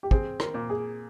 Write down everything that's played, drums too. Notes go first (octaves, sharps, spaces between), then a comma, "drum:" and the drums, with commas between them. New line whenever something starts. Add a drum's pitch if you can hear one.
G4
C4 G#4, drum: kick
A#4, drum: rim click
A#2
G#4